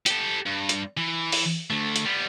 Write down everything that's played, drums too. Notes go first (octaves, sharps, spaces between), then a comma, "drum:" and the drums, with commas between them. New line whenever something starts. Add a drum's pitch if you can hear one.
G4 A4, drum: hi-hat
G2
drum: hi-hat
E3
drum: open hi-hat
D2 A3
drum: hi-hat
G3 B3